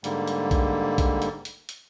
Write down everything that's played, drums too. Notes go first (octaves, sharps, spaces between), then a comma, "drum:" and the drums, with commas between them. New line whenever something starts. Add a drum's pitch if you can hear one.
G#2 D3 G3 A#3, drum: hi-hat
drum: hi-hat
drum: kick, hi-hat
drum: kick, hi-hat
drum: hi-hat
drum: hi-hat
drum: hi-hat